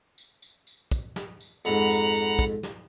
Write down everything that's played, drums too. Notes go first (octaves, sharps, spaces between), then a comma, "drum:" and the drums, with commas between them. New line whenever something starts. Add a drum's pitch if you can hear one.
drum: tambourine
drum: tambourine
drum: tambourine
drum: kick, tambourine
drum: snare
drum: tambourine
F2 G#2 F#5 A#5 B5, drum: tambourine
drum: tambourine
drum: tambourine
drum: kick, tambourine
drum: snare